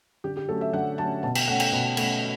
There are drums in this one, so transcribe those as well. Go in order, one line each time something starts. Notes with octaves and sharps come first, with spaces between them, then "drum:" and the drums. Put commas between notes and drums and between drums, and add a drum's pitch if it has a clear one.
D3 G4
G4
F#3 A3 C#4 A4
E5
D3 F#5
F#3 A3 C#4 A5
B2 A5
G5, drum: cymbal
A3 C#4 F#5
G5, drum: cymbal
B2
A3 C#4, drum: cymbal